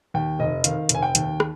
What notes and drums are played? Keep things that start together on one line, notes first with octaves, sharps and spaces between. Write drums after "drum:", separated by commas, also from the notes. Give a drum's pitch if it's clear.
D#2 G5
F1 D#5
D#3 F5, drum: hi-hat
F1, drum: hi-hat
G#5
G5
D#2, drum: hi-hat
drum: rim click